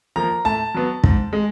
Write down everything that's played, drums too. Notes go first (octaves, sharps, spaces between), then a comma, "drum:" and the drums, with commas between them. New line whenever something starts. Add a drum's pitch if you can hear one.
F3 A#3 A#5
A2 A5
F#3 B3
G#2, drum: kick
G#3